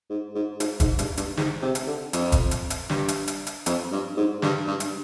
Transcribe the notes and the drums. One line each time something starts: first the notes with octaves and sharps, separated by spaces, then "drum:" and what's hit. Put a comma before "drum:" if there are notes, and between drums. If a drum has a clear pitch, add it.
G#2
G#2
G#2, drum: hi-hat
G#2, drum: kick, hi-hat
G2, drum: hi-hat
G2, drum: hi-hat
G#2, drum: snare
C3
drum: hi-hat
D3
F2, drum: hi-hat
drum: kick, hi-hat
drum: hi-hat
drum: hi-hat
G2, drum: snare
drum: hi-hat
drum: hi-hat
drum: hi-hat
F2, drum: hi-hat
G2
G#2
G2, drum: snare
G2
drum: hi-hat